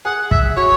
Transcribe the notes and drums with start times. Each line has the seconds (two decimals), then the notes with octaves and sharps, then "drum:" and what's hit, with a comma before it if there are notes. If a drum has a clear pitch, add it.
0.05 G#4 F#5
0.31 E5, drum: kick
0.56 F#4 C#5